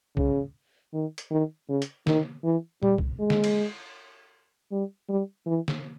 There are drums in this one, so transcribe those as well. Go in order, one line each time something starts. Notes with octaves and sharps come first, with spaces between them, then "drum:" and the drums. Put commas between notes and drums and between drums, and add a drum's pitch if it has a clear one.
C#3, drum: kick
D#3
drum: hi-hat
D#3
C#3
drum: hi-hat
D#3, drum: snare
E3
G3, drum: tom A#2
drum: kick
G#3
drum: snare
drum: cymbal
G3
G3
E3
drum: snare